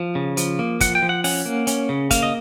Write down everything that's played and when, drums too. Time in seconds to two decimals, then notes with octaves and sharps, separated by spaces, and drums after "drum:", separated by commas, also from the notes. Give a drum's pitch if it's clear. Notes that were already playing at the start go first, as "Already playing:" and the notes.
Already playing: F3
0.15 C#3
0.37 F3, drum: hi-hat
0.59 A#3
0.80 F3 F#5, drum: kick, hi-hat
0.95 G5
1.02 F3
1.09 F#5
1.24 C#4 F#5, drum: open hi-hat
1.46 A#3
1.67 C#4, drum: hi-hat
1.89 C#3
2.11 A#3 F5, drum: kick, hi-hat
2.23 D#5